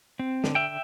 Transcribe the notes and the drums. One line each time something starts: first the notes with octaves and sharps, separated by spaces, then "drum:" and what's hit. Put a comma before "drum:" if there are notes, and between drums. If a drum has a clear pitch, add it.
C4
D3, drum: snare
E5 G5